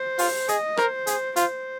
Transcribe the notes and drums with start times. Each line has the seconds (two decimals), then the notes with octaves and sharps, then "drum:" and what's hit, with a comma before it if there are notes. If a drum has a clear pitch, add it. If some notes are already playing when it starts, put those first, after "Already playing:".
Already playing: C5
0.18 F4, drum: open hi-hat
0.48 G#4 D#5, drum: hi-hat
0.77 A#4 C5, drum: rim click
1.07 G#4, drum: hi-hat
1.36 F4 C5, drum: hi-hat